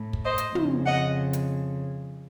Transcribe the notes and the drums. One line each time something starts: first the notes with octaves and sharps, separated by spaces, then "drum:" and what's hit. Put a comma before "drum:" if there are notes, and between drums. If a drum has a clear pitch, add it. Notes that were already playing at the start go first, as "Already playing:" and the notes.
Already playing: A2
drum: kick
C5 D#5
drum: hi-hat
F2 C#3, drum: tom
D#5 F#5
drum: hi-hat